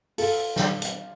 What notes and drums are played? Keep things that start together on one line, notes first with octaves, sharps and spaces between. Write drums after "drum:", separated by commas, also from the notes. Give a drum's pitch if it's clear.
F4 A4, drum: open hi-hat
drum: snare
drum: hi-hat